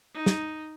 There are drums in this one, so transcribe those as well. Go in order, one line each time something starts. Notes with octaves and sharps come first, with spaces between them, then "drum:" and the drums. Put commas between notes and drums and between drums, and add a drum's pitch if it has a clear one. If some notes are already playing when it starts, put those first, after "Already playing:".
D#4
drum: snare